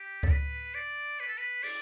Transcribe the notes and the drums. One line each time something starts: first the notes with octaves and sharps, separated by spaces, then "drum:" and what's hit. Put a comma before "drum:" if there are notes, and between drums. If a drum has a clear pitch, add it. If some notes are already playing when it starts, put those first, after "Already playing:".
Already playing: G4
A4, drum: kick C#2
B4
D5
B4
A4
B4
D5, drum: open hi-hat